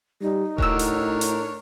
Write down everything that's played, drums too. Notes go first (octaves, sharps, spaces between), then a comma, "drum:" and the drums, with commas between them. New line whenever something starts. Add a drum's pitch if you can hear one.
G3 D#4
A2 D4 F#4 G4 A#4 C#5 E6, drum: kick D#1
drum: hi-hat
drum: hi-hat